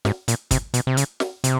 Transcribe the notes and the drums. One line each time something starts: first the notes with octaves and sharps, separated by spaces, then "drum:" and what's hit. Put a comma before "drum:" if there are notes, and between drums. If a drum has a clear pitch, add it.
G#2, drum: snare
A#2, drum: hi-hat
C3, drum: kick, hi-hat
B2, drum: hi-hat
C3
C#3, drum: hi-hat
drum: snare
C3, drum: hi-hat